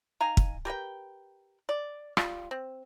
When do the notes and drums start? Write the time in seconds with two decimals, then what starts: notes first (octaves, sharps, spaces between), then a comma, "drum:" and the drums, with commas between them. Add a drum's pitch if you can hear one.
0.21 D#4 F5 G#5 A#5
0.37 drum: kick
0.65 G4 A#4 B4 G5
1.69 D5
2.17 G3 F4, drum: rim click
2.51 C4